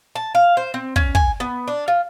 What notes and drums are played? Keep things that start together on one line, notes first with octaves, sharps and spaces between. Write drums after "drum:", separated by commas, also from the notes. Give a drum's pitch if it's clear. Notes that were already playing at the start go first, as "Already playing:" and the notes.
A5
F5
C5
C4
C#4, drum: kick
G#5, drum: kick
B3
D4
F4